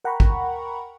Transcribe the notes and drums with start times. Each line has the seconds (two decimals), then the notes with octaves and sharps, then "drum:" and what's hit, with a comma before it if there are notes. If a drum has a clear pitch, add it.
0.04 A#4 F#5 G5 A#5 B5 C#6
0.20 drum: kick